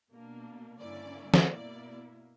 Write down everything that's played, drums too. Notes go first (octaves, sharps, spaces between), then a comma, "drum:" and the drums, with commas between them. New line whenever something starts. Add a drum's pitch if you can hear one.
B2 A#3 D4
G2 D3 A#3 C#4 E4 D5
drum: snare
B2 A#3 E4 D5